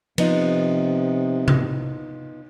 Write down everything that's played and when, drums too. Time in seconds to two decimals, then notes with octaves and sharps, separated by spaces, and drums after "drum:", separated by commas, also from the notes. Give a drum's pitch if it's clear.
0.18 C3 F3 B3 D#4 F4, drum: cymbal
1.48 drum: tom C3